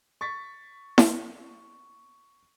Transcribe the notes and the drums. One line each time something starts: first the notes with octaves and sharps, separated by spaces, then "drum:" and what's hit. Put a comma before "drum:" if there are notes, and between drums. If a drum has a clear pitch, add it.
C#6 A6 B6
drum: snare E4